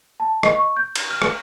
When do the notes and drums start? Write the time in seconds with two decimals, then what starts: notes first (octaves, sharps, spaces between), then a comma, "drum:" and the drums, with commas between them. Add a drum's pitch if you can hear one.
0.20 A5
0.43 D#5, drum: rim click
0.56 C#6
0.77 G6
0.96 drum: cymbal
1.10 F6
1.22 drum: rim click